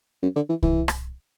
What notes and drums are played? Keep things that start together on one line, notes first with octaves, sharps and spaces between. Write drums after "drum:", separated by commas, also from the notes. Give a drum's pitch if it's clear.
F#2
D3
E3
E3, drum: kick C2
drum: rim click